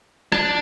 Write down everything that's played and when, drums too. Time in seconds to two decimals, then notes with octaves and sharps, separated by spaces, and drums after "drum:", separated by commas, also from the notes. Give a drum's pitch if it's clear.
0.32 D4, drum: rim click